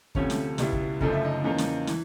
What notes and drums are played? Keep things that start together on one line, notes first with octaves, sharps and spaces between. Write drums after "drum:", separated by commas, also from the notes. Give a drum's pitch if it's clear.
D2 C3 F3 A3 C#4 C#5, drum: kick
drum: snare
C#2 B2 G3 B3 E4, drum: snare
drum: kick
F#1 F#2 D3 F3 A3 D#5, drum: kick
E5
D#4 D#5
E2 C#3 F3 A#3 D#4
drum: snare
E3, drum: snare